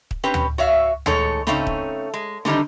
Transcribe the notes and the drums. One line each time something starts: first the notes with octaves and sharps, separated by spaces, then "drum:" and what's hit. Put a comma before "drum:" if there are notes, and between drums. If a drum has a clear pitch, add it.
drum: kick
C4 C#4 G4 B4
drum: tom D2
F#4 C#5 E5 F5
D#3 G#3 A3 D#4 A4 C#5, drum: tom D2
C#3 A3 C4 C#4 D#4, drum: snare
drum: kick
G#3
D3 D#3 G3 C4 D#4, drum: snare